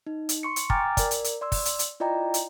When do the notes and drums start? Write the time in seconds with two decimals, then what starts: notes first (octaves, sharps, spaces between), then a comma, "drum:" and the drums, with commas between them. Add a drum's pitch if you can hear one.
0.07 D#4
0.29 drum: hi-hat
0.43 C6 C#6 C#7
0.56 drum: hi-hat
0.70 G5 G#5 A#5 D6 F6 A6, drum: kick
0.97 A#4 D5, drum: kick, hi-hat
1.11 drum: hi-hat
1.24 drum: hi-hat
1.41 D5 C6 E6
1.52 drum: kick, open hi-hat
1.65 drum: hi-hat
1.79 drum: hi-hat
2.00 E4 F4 D5 D#5 G5 A#5
2.34 drum: hi-hat